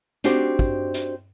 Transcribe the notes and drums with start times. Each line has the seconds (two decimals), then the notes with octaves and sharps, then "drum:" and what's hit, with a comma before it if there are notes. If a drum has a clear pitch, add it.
0.24 C4 D4 D#4 F#4 G4 C5, drum: hi-hat
0.59 drum: kick
0.94 drum: hi-hat